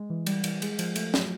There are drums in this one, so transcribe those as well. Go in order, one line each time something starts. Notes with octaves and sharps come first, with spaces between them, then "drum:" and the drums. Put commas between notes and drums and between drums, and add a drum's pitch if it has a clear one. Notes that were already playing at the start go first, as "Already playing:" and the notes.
Already playing: G#3
E3
G3, drum: cymbal
E3, drum: cymbal
G#3, drum: cymbal
F3, drum: cymbal
A3, drum: cymbal
F#3, drum: snare